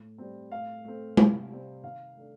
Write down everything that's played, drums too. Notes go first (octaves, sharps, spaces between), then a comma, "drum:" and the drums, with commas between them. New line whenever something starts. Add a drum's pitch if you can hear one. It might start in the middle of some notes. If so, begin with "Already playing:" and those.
Already playing: A2
G3 C4
A2 F5
A3 C4
C3, drum: tom G#3
G3 C4
D#3 F5
A3 D4